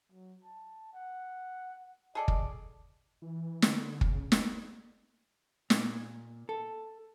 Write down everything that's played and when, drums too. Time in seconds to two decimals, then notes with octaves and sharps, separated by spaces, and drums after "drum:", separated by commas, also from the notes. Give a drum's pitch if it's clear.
0.12 F#3
0.44 A5
0.93 F#5
2.15 G#4 A4 D5 D#5
2.28 drum: kick
3.22 E3
3.62 D3, drum: snare
4.01 C#3, drum: kick
4.32 drum: snare
5.70 A#2, drum: snare
6.49 A4